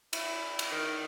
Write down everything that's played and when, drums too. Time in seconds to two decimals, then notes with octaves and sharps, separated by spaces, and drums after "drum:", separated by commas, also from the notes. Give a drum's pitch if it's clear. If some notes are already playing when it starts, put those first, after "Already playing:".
0.13 E4, drum: cymbal
0.59 drum: cymbal
0.72 D#3